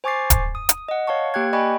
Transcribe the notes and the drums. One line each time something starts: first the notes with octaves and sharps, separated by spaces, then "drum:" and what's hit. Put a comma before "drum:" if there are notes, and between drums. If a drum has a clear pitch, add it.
C5 G#5 C#6 D6 A6 C7
drum: kick D1, hi-hat
D#6
drum: hi-hat
D#5 F#5
C#5 F5 A5 C#6
A#3 G4 G5 F#6 G#6
D5 D#5 G5 G#5 B5 C#6